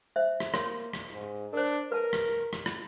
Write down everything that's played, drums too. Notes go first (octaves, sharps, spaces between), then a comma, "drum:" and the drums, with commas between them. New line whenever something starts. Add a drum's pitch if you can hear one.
C5 E5
drum: rim click
A#3 F#4 C#5, drum: rim click
drum: rim click
G#2
D4 A#4 C5
A#4 B4 A5
drum: rim click
drum: rim click
drum: rim click